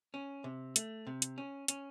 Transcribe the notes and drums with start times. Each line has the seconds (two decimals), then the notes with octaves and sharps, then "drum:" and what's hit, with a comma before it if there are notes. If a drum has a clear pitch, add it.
0.14 C#4
0.44 C3
0.76 A3, drum: hi-hat
1.07 C3
1.22 drum: hi-hat
1.38 C#4
1.68 C#4, drum: hi-hat